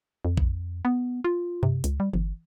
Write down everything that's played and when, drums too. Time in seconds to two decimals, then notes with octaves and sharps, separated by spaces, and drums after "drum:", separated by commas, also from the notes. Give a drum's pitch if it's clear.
0.25 F2
0.37 drum: kick A#1
0.85 B3
1.24 F4
1.63 C3, drum: tom F#2
1.84 C#2, drum: hi-hat
2.00 G3
2.13 G1, drum: tom E3